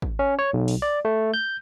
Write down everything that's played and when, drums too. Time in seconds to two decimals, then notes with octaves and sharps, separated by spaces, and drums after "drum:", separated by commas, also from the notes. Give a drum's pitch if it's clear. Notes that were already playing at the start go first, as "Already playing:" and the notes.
0.02 drum: kick G#1
0.19 C#4
0.39 C#5
0.53 B1
0.68 drum: open hi-hat
0.82 D5
1.05 A3
1.34 G6